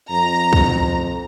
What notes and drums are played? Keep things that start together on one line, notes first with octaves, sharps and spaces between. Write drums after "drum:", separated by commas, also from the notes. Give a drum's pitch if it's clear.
F2 A#5
drum: kick